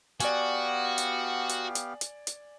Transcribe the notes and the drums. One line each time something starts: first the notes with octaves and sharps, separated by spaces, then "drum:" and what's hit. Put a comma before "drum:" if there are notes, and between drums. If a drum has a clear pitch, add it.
B3 F#4 G4 D5 F5 G#5, drum: hi-hat
drum: hi-hat
drum: hi-hat
drum: hi-hat
drum: hi-hat
drum: hi-hat